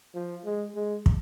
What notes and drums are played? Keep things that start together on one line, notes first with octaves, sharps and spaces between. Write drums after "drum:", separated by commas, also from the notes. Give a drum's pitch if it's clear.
F3
G#3
G#3
drum: kick